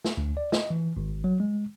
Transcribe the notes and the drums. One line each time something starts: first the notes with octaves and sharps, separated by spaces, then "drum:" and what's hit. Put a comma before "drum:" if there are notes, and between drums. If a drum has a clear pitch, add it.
drum: snare
D2
D5
D#5, drum: snare
E3
G#1
F#3
G#3